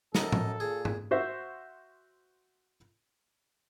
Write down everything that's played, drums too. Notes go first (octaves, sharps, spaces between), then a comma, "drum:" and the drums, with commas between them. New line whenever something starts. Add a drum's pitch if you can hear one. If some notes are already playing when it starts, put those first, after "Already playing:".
F#2 A4 A#4 D#5, drum: snare
drum: tom A2
A#2 G#4
drum: tom G#2
F#4 C5 E5